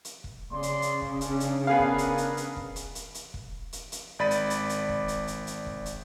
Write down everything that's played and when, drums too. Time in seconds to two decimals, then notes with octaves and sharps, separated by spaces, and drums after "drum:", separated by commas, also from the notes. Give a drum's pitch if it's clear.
0.05 drum: hi-hat
0.24 drum: kick
0.51 C#3 D5 C6
0.63 drum: hi-hat
0.82 drum: hi-hat
1.01 drum: kick
1.21 C#4 D4, drum: hi-hat
1.40 drum: hi-hat
1.67 B3 D4 G#4 A#4 B4 F5
1.79 drum: kick
1.98 drum: hi-hat
2.18 drum: hi-hat
2.37 drum: hi-hat
2.56 drum: kick
2.76 drum: hi-hat
2.95 drum: hi-hat
3.14 drum: hi-hat
3.34 drum: kick
3.73 drum: hi-hat
3.92 drum: hi-hat
4.19 G#1 D5 B5 A6 D#7
4.31 drum: hi-hat
4.50 drum: hi-hat
4.69 drum: hi-hat
4.89 drum: kick
5.08 drum: hi-hat
5.27 drum: hi-hat
5.47 drum: hi-hat
5.66 drum: kick
5.86 drum: hi-hat